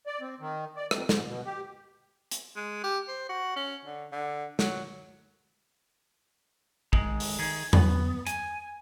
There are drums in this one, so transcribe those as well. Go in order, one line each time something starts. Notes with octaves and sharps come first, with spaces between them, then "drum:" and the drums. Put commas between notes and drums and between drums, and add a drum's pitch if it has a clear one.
D5
C4
D#3
D5
F2, drum: rim click
G#2, drum: snare
B2
G4
drum: hi-hat
G#3
G4
C5
F#4
C#4
D3
D3
F#3, drum: snare
D#3 G#3, drum: kick A#1
drum: open hi-hat
D#3 G#4
B3, drum: tom E2
G#5, drum: hi-hat